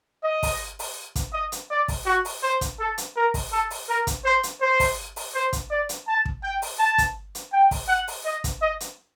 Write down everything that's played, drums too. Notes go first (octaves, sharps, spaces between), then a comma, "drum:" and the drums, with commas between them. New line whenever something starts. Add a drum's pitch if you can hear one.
D#5
drum: kick, open hi-hat
drum: open hi-hat
drum: kick, hi-hat
D#5
drum: hi-hat
D5
drum: kick, open hi-hat
F#4
drum: open hi-hat
C5
drum: kick, hi-hat
A4
drum: hi-hat
A#4
drum: kick, open hi-hat
A4
drum: open hi-hat
A#4
drum: kick, hi-hat
C5
drum: hi-hat
C5
drum: kick, open hi-hat
drum: open hi-hat
C5
drum: kick, hi-hat
D5
drum: hi-hat
A5
drum: kick
G5
drum: open hi-hat
A5
drum: kick, hi-hat
drum: hi-hat
G5
drum: kick, open hi-hat
F#5
drum: open hi-hat
D#5
drum: kick, hi-hat
D#5
drum: hi-hat